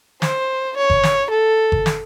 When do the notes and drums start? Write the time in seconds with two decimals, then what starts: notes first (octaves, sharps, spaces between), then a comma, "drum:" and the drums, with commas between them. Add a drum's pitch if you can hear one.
0.22 C5, drum: snare
0.77 C#5
0.90 drum: kick G1
1.03 drum: snare
1.30 A4
1.72 drum: kick G1
1.86 drum: snare